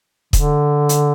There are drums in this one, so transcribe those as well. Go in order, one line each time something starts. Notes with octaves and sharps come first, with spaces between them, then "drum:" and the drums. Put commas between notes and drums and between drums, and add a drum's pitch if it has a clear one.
D3, drum: kick E1, hi-hat
drum: hi-hat